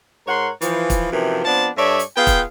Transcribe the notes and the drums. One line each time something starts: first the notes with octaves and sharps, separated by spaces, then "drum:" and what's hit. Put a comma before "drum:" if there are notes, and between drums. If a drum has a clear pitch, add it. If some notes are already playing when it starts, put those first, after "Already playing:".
G#2 A#4 C#5 F#5 C6
E3 F3, drum: hi-hat
drum: kick, hi-hat
F#2 C3 E3 F3
F3 B3 C4 D4 A5
G2 A4 C#5 D5 E5
drum: hi-hat
B3 F4 G#4 F5 G5
drum: kick, hi-hat